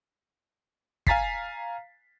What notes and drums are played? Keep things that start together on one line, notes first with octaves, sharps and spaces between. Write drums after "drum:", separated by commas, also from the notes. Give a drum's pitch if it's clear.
F5 G#5 A#5 A6 B6 C7, drum: kick